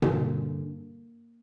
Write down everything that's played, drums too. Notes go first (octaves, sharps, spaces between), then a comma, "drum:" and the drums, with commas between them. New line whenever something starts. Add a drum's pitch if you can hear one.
G2 D3 A#3, drum: tom B2